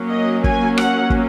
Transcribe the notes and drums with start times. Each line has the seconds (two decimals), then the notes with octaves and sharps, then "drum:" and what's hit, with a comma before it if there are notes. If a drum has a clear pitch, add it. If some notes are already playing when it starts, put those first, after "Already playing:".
Already playing: F#3 A#3 C#4
0.11 D#5
0.44 G#5, drum: kick
0.78 F#5, drum: rim click
1.10 drum: kick